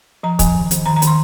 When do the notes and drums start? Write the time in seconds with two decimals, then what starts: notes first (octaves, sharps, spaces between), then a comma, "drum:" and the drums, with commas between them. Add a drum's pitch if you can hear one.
0.23 F3 A#5
0.39 F3 G#5, drum: kick, hi-hat
0.55 D#3
0.71 D#3, drum: hi-hat
0.86 D#3 A#5
0.96 A#5
1.02 D#3, drum: hi-hat
1.07 C6